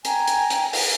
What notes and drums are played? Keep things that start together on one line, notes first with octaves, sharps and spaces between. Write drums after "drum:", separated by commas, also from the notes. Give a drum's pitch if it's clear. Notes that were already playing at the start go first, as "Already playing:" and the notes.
G5 G#5 A#5, drum: hi-hat
drum: hi-hat
drum: hi-hat
drum: open hi-hat